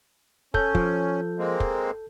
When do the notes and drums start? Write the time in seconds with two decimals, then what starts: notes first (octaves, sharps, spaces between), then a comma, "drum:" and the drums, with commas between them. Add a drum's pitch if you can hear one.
0.54 C#4 A4 G6, drum: kick
0.75 F3, drum: kick
1.39 G#3 A#3 C4
1.60 drum: kick